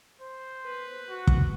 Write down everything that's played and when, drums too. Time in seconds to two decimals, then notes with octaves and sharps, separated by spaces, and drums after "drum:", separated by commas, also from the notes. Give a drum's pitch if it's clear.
0.21 C5
0.66 B4
1.10 F#4
1.27 drum: kick